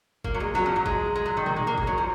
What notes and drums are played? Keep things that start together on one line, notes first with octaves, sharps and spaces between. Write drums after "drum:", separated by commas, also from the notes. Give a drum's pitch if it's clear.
A#3, drum: kick
F#3
G#3
F#3, drum: snare
F3
F#3
G#3, drum: kick
G#3
F#3
D#3
A#3, drum: tom
G#3
A#3
G#3, drum: kick
F#3
F3